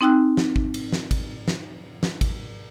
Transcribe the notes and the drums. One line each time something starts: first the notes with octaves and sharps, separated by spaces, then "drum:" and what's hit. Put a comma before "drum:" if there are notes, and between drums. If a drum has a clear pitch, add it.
C4 D#4 G5 E6 F#6
drum: snare
drum: kick
drum: cymbal
drum: snare
drum: kick, cymbal
drum: snare
drum: snare
drum: kick, cymbal